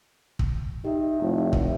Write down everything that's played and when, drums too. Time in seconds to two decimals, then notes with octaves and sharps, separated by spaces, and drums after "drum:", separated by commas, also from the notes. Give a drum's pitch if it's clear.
0.39 drum: kick
0.85 D#4 G4 E5
1.21 F1 A2
1.53 drum: kick